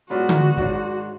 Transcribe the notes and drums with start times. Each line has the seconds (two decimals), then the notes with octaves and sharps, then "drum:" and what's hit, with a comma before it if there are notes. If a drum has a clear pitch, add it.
0.10 G#2 F#3 B3 D4 F4 F#4
0.29 drum: tom D3
0.58 G#2 D#3 F#3 D4, drum: kick